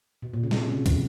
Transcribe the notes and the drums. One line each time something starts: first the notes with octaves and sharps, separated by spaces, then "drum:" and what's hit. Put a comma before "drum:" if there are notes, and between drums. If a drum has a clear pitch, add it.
B2
A#2
C#3
C3, drum: snare
C#3
C#3, drum: kick, hi-hat